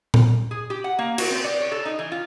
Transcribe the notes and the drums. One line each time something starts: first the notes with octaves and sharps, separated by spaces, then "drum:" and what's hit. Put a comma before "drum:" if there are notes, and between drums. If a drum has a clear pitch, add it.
drum: tom A#2
G#4
G4
F#5
A#3
F#4, drum: cymbal
C4
D5
C#5
A4
D#4
E3
F4